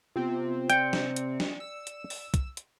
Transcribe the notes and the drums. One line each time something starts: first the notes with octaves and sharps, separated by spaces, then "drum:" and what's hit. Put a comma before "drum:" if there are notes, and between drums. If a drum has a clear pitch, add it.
C3 B3 C4 F4
D5 G5 C#7, drum: hi-hat
drum: snare
drum: hi-hat
drum: snare
E6
drum: hi-hat
drum: open hi-hat
drum: kick, hi-hat
drum: hi-hat